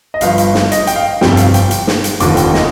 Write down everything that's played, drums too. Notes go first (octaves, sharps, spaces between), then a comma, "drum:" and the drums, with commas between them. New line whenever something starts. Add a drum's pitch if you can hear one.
D#5
G1 G2 F3 F5, drum: hi-hat
drum: hi-hat
drum: snare
D#5, drum: hi-hat
G5, drum: hi-hat
F5
G1 F2 C3 G3 G5, drum: snare
F5, drum: hi-hat
G5, drum: hi-hat
drum: hi-hat
drum: snare
drum: hi-hat
F1 D#2 D3 F3 D6, drum: hi-hat
G5, drum: hi-hat
D#5, drum: snare